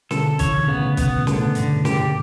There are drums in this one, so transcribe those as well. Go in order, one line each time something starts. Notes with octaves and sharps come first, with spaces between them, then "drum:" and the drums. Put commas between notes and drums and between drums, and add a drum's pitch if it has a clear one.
B2 D3 A4, drum: snare
C#3 E3 C#5, drum: kick, hi-hat
A2 C#3 B3
B2 B3, drum: kick, hi-hat
A2 D3, drum: snare
G2 D3, drum: hi-hat
G4, drum: snare